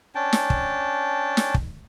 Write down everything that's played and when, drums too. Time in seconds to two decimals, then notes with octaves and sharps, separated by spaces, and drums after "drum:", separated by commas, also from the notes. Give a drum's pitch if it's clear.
0.15 C#4 D4 G5 A5
0.33 drum: snare
0.50 drum: kick
1.37 drum: snare
1.54 drum: kick